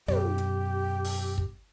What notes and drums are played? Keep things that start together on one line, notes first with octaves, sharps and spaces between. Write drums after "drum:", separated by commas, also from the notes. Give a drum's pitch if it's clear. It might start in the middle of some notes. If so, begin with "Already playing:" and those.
F#2 B2 G4, drum: tom
drum: hi-hat
drum: open hi-hat
drum: kick